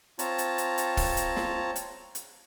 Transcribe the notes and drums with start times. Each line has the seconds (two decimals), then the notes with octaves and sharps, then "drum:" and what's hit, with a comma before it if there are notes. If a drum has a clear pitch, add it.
0.19 C4 F4 C#5 A5 A#5, drum: hi-hat
0.38 drum: hi-hat
0.58 drum: hi-hat
0.78 drum: hi-hat
0.97 drum: kick, open hi-hat
1.17 drum: hi-hat
1.36 drum: snare
1.76 drum: hi-hat
2.15 drum: hi-hat